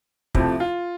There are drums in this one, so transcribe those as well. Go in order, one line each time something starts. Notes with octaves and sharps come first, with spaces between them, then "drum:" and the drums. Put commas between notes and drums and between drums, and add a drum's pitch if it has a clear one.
F2 C3 F3 A3 E4, drum: kick
F4